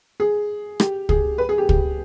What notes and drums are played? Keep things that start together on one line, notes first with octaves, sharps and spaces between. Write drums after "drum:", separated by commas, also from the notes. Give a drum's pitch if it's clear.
G#4
G4, drum: rim click
G#4, drum: kick
B4
G#4
G4
G4, drum: kick